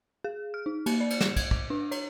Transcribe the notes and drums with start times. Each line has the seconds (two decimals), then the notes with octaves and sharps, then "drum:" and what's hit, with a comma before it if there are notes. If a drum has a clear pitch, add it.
0.24 G#4
0.54 F6
0.66 D#4
0.86 A#3, drum: cymbal
1.00 D5
1.10 drum: cymbal
1.21 E7, drum: snare
1.36 G#6, drum: kick, cymbal
1.51 D6, drum: kick
1.70 D4
1.91 C#5, drum: cymbal